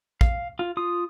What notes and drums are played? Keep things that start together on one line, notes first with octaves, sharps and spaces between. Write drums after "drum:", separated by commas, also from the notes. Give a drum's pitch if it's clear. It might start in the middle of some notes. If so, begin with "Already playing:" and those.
F5, drum: kick
F4
F4 D#6